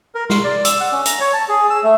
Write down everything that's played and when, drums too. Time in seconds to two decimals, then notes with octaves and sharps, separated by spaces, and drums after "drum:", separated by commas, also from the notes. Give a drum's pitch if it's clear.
0.15 A#4
0.30 C6, drum: snare
0.44 D5
0.65 E6, drum: hi-hat
0.80 F#5
0.92 C#4
1.06 A#5, drum: hi-hat
1.20 C#5
1.33 A5
1.49 G#4
1.70 E6
1.83 A3